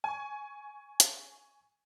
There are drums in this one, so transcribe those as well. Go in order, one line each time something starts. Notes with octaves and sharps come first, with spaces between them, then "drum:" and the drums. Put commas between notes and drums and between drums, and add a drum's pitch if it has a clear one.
G#5 C#6
drum: hi-hat